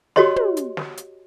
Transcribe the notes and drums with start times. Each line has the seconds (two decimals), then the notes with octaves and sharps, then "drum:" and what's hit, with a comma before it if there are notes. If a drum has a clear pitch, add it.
0.16 F#4 G4 C#5 D#5 C6, drum: snare
0.36 drum: tom
0.57 drum: hi-hat
0.77 drum: snare
0.97 drum: hi-hat